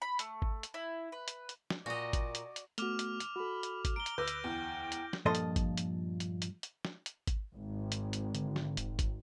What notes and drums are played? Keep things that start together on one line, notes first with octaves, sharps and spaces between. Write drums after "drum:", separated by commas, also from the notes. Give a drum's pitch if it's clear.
B5
A3, drum: hi-hat
drum: kick G#1
drum: hi-hat
E4
B4
drum: hi-hat
drum: hi-hat
drum: snare
A#2 F#4 G#4 D5 D#5 A#5
drum: kick G#1, hi-hat
drum: hi-hat
drum: hi-hat
A3 B3 F#4 D6 F6 F7, drum: hi-hat
drum: hi-hat
drum: hi-hat
F#4 A4 B5
drum: hi-hat
drum: kick G#1, hi-hat
A#5 D7 G7
drum: hi-hat
D2 B4 D6 E6 G6 A#6
drum: hi-hat
E2 G5
drum: hi-hat
drum: snare
G2 A#2 F3 A4 D#5 C6
drum: hi-hat
drum: kick G#1, hi-hat
drum: hi-hat
drum: hi-hat
drum: hi-hat
drum: hi-hat
drum: snare
drum: hi-hat
drum: kick G#1, hi-hat
G#1
drum: hi-hat
drum: hi-hat
D3, drum: hi-hat
drum: snare
E1, drum: hi-hat
drum: kick G#1, hi-hat